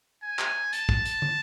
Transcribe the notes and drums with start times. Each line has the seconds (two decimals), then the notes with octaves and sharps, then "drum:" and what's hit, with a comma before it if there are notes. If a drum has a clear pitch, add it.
0.23 G#5
0.39 drum: clap
0.73 A5, drum: hi-hat
0.89 drum: kick
1.05 drum: hi-hat
1.22 drum: tom